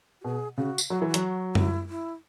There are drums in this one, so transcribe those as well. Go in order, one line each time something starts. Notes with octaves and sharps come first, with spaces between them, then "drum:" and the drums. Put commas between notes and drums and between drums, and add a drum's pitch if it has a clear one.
F#4
B2 G#4
C#3 F#4
drum: tambourine
F#3 F#4
E3 E4
F#4
F#3, drum: hi-hat
E4, drum: tom F#2
E4